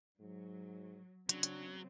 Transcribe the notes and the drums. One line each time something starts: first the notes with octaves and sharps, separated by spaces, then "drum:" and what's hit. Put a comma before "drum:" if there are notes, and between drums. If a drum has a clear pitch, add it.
G#2 F#3
C#3 F#3 C4 D4, drum: hi-hat
drum: hi-hat